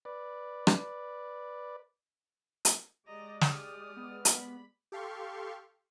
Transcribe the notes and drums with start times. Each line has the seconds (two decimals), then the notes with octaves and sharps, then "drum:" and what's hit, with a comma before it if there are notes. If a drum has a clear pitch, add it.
0.05 B4 D5
0.67 drum: rim click
2.65 drum: hi-hat
3.07 G#3 G4 D5 D#5 A#5
3.41 D#6 F6, drum: snare
3.97 B3
4.25 B5, drum: hi-hat
4.92 G4 A4 F5 C6 C#6